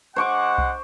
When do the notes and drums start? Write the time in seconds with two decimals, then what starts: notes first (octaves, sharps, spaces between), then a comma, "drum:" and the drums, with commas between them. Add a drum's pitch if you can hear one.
0.16 G#3 C5 F#5 C#6 D6
0.58 drum: kick C2